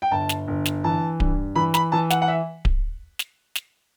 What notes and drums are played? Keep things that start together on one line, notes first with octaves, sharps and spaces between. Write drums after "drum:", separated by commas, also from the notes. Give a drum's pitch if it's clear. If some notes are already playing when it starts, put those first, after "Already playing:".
G5
G1 A5
drum: snare
G1
drum: snare
E3 A5
G2, drum: kick D1
E3 B5
B5, drum: snare
E3 A5
F#5, drum: snare
F#5
E5
drum: kick D1
drum: snare
drum: snare